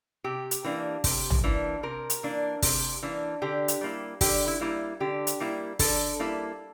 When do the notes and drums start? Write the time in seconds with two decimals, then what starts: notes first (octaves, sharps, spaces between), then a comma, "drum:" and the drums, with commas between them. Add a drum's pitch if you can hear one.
0.24 C3 G4
0.51 drum: hi-hat
0.64 E3 A#3 D4
1.04 C3, drum: kick, open hi-hat
1.30 drum: tom
1.44 E3 A#3 D4
1.83 C3 A#4
2.10 drum: hi-hat
2.23 E3 A#3 D4
2.63 C3, drum: kick, open hi-hat
3.03 E3 A#3 D4
3.42 D3 G4
3.68 drum: hi-hat
3.81 G3 A#3 E4
4.21 D3 G4, drum: kick, open hi-hat
4.47 E4
4.61 G3 A#3 E4
5.00 D3 G4
5.27 drum: hi-hat
5.40 G3 A#3 E4
5.79 D3 A4, drum: kick, open hi-hat
6.19 G3 A#3 E4